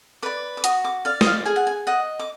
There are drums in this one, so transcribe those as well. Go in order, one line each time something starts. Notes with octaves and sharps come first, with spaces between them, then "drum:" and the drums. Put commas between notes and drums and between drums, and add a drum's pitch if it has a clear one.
B4 D5 D6
D6
F#4 D#6, drum: hi-hat
D6
D5 F5
D#5, drum: snare
F5
G#4 G#5
F#5
G#5
D#5 F#5
D6